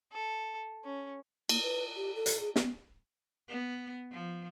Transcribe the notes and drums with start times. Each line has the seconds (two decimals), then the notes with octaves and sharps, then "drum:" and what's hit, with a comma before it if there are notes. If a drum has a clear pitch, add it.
0.12 A4
0.85 C#4
1.49 A#3, drum: cymbal
1.62 B4
1.96 G4
2.15 A4
2.26 drum: hi-hat
2.40 G#4
2.56 B3, drum: snare
3.48 B3
4.12 F3